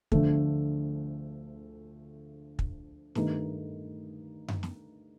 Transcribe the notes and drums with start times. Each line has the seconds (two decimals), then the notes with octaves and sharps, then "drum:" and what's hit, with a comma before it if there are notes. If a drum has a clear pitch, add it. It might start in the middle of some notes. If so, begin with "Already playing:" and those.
0.12 D2 D3 F3 A3, drum: kick
2.59 drum: kick
3.15 G2 D#3 A3 D#4, drum: snare
4.48 drum: tom F#2
4.63 drum: snare